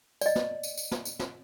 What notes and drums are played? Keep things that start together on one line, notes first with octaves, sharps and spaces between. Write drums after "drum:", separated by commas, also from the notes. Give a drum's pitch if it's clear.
D5 D#5, drum: tambourine
drum: snare
drum: tambourine
drum: tambourine
drum: snare
drum: tambourine
drum: snare